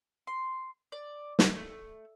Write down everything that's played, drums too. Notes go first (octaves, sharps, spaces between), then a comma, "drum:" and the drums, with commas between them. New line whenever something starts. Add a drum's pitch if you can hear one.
C6
D5
drum: snare
A3